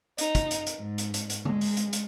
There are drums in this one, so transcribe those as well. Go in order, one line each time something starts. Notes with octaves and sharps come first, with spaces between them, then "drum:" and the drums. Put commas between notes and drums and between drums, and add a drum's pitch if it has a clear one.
D#4, drum: hi-hat
drum: kick, hi-hat
drum: hi-hat
drum: hi-hat
G#2
drum: hi-hat
drum: hi-hat
drum: hi-hat
G#3, drum: tom D3
drum: open hi-hat
drum: hi-hat
drum: hi-hat